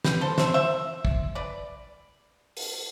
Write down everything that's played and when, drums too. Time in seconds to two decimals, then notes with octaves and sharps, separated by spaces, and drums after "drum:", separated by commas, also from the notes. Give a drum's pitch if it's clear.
0.04 G4 B4, drum: snare
0.21 A4 C5
0.38 C5 E5, drum: snare
0.54 C5 E5
1.05 drum: kick
1.35 B4 D5
2.57 drum: open hi-hat